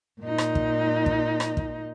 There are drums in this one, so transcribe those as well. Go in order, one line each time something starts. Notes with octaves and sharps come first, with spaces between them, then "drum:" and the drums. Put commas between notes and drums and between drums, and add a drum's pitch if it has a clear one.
A#2 D#4
drum: rim click
drum: kick
drum: kick
drum: rim click
drum: kick